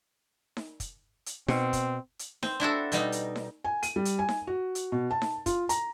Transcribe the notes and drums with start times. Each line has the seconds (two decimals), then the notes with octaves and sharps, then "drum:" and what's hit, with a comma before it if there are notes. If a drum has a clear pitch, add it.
0.57 drum: snare D#4
0.80 drum: kick, hi-hat
1.26 drum: hi-hat
1.48 B2 C4, drum: snare D#4
1.73 drum: kick, hi-hat
2.19 drum: hi-hat
2.43 C4, drum: snare D#4
2.60 D4 E4 F#4 A4
2.92 B2 G3 D#4, drum: hi-hat
3.12 drum: hi-hat
3.36 drum: snare D#4
3.64 G#5
3.83 D#7, drum: hi-hat
3.96 G3
4.05 drum: hi-hat
4.19 G#5
4.29 drum: snare D#4
4.47 F#4
4.75 drum: hi-hat
4.92 B2
5.11 A5
5.22 drum: snare D#4
5.46 F4, drum: kick, hi-hat
5.69 A#5, drum: hi-hat